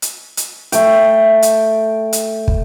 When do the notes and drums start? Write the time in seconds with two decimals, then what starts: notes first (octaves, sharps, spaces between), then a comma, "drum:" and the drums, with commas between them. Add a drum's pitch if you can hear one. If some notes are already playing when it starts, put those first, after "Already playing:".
0.02 drum: hi-hat
0.37 drum: hi-hat
0.72 A3 G5, drum: hi-hat
1.42 drum: hi-hat
2.13 drum: hi-hat
2.48 drum: kick